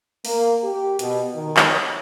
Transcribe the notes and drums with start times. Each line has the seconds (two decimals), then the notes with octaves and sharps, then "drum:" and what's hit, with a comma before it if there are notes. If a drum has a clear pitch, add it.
0.25 A#3, drum: open hi-hat
0.64 G4
0.99 B2, drum: hi-hat
1.35 D#3
1.57 drum: clap
1.70 C#5